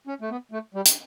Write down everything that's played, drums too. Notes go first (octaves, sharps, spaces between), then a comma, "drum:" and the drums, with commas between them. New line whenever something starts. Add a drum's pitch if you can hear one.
C#4
A3
B3
A3
G3
drum: hi-hat